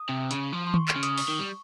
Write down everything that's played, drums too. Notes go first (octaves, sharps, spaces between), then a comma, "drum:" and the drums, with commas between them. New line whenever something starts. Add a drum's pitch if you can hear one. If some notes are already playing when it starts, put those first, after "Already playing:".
Already playing: D#6
C3
C#3, drum: hi-hat
F3
C6
C#6, drum: tom D#3
F6, drum: clap
C#3
D#6, drum: hi-hat
C#6, drum: open hi-hat
D#3
G3